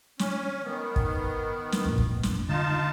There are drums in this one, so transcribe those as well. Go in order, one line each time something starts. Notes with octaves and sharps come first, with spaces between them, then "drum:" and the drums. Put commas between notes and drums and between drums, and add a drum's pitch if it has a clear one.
C#4, drum: snare
D#3 B3
drum: kick
drum: snare
F2 A#2
drum: kick
drum: snare
D3 D#4 F4 A5